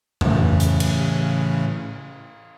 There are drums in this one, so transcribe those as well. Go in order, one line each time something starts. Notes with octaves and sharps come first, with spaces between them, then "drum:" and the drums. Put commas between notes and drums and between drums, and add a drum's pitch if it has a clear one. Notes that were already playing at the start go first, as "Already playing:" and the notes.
A2 C#3 E3, drum: tom F2
drum: hi-hat
drum: cymbal